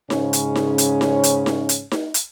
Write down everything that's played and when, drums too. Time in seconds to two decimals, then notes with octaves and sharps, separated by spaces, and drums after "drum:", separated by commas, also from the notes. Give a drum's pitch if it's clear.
0.10 G#2 C#3 C#4, drum: snare D#4
0.33 drum: hi-hat
0.56 drum: snare D#4
0.78 drum: hi-hat
1.01 drum: snare D#4
1.23 drum: hi-hat
1.46 drum: snare D#4
1.69 drum: hi-hat
1.91 drum: snare D#4
2.14 drum: hi-hat